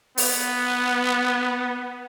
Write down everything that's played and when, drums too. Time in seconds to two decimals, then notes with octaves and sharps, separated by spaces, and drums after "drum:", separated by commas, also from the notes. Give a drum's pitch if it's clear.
0.18 B3, drum: open hi-hat